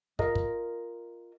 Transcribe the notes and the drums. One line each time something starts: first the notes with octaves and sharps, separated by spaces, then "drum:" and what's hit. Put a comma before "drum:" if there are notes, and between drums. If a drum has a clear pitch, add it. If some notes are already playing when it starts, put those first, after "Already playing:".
F4 A#4 D#5, drum: kick
drum: kick